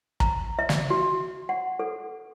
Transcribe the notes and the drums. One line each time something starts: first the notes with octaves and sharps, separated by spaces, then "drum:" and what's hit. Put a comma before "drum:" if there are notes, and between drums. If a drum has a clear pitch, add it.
A#5, drum: kick
E5
drum: snare
F#4
F#5
A4